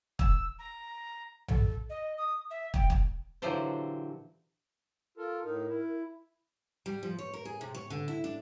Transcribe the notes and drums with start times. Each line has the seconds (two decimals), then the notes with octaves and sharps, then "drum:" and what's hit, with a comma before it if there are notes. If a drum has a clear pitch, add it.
0.19 E6, drum: kick
0.59 A#5
1.48 A4, drum: tom A#1
1.90 D#5
2.17 D#6
2.50 E5
2.74 G5, drum: kick
2.90 drum: kick
3.42 A#2 D3 E3 F#3 G4 C5
5.17 F4 A4 A#4
5.44 A2 D#4 A#4
5.69 E4
6.86 G3
7.03 F3
7.19 C#5
7.34 A#4
7.45 G#4
7.61 C3
7.75 C#5
7.90 D3
8.08 E4
8.24 D4